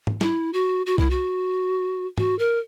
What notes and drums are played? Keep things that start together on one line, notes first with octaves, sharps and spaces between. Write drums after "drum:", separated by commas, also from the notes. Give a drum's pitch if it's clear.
drum: tom
E4, drum: snare
F#4
F#4
E4, drum: kick C2
F#4
F#4, drum: tom
A#4